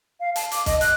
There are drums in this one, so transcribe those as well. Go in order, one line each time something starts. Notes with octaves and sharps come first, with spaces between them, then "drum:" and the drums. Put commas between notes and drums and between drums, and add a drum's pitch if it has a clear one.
F5
A5, drum: hi-hat
D6, drum: hi-hat
D#5, drum: kick, hi-hat
F#6, drum: hi-hat